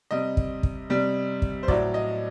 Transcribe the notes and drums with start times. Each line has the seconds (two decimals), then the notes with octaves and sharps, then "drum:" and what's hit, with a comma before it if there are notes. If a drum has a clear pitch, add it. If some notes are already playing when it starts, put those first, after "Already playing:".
0.11 C3 G3 D#5
0.37 drum: kick
0.63 drum: kick
0.90 C3 G3
1.42 drum: kick
1.63 C5
1.68 A2 F#3 D5, drum: kick
1.94 D#5